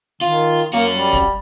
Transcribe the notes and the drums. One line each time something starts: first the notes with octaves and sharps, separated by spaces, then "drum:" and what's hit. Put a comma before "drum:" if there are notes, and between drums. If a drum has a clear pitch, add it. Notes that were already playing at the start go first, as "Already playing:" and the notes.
D#3 F4
A#3 C#4 F#4
G3, drum: hi-hat
drum: kick, hi-hat